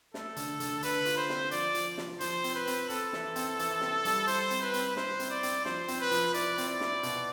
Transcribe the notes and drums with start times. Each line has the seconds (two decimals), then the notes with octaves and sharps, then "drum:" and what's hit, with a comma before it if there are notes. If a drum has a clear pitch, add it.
0.14 A3 A4, drum: snare
0.36 D3, drum: hi-hat
0.60 D3, drum: hi-hat
0.83 D3 B4, drum: hi-hat
1.05 F4, drum: hi-hat
1.17 C5
1.29 C4, drum: snare
1.51 F3 D5, drum: hi-hat
1.74 F3, drum: hi-hat
1.98 F3, drum: snare
2.20 F3 C5, drum: hi-hat
2.44 C4, drum: hi-hat
2.55 B4
2.67 C4, drum: hi-hat
2.90 C4 A4, drum: hi-hat
3.13 E3, drum: snare
3.36 C4, drum: hi-hat
3.59 E3, drum: hi-hat
3.81 C4, drum: snare
4.05 G3, drum: hi-hat
4.27 E4 C5, drum: hi-hat
4.50 C4, drum: hi-hat
4.62 B4
4.74 C4, drum: hi-hat
4.97 E4 C5, drum: snare
5.20 C4, drum: hi-hat
5.31 D5
5.43 C4, drum: hi-hat
5.65 F3 C5, drum: snare
5.88 C4, drum: hi-hat
6.00 B4
6.11 F3, drum: hi-hat
6.34 E4 D5, drum: hi-hat
6.58 C4, drum: hi-hat
6.68 D5
6.81 E4, drum: snare
7.03 B2, drum: hi-hat